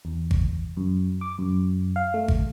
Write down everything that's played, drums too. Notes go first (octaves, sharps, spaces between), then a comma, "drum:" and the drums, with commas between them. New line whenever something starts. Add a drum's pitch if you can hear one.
E2
drum: kick G#1
F#2
D6
F#2
F5
A3
drum: kick G#1